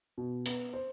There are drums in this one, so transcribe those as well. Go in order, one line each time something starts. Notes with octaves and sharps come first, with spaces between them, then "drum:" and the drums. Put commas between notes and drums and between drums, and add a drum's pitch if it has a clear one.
B2
B3, drum: hi-hat
C5